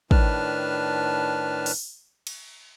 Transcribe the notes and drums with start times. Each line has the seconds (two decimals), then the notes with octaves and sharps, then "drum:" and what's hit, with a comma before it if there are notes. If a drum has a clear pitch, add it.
0.11 A2 D#3 D4 B4 A5 F6, drum: kick
1.66 drum: open hi-hat
2.27 drum: cymbal